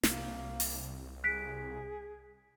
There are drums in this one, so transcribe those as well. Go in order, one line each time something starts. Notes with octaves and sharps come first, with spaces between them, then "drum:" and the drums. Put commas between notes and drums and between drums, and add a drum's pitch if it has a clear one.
C2 A#3, drum: snare
drum: open hi-hat
G#4 F#6 B6 D7